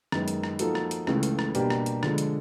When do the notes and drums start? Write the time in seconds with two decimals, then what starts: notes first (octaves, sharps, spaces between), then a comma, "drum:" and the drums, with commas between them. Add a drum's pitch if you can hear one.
0.12 F#2 D#3 G#3 B3 D#4, drum: rim click
0.28 drum: hi-hat
0.44 drum: rim click
0.59 F3 A#3 D#4 F#4 A4, drum: hi-hat
0.75 drum: rim click
0.91 drum: hi-hat
1.07 C#2 C#3 E3 A3, drum: rim click
1.23 drum: hi-hat
1.39 drum: rim click
1.55 B2 G3 A#3 D4 G4, drum: hi-hat
1.70 drum: rim click
1.86 drum: hi-hat
2.03 D3 F3 G#3, drum: rim click
2.18 drum: hi-hat